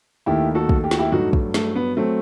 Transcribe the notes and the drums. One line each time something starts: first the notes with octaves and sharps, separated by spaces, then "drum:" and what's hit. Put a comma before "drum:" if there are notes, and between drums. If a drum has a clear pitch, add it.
D#2 D#3 A3 E4 G4
F#4 A4
drum: kick
G4
F#4, drum: snare
E4 G4
G2 F#3 A3 D#4 F#4
drum: kick
A3, drum: snare
B3
F#3 A3 C4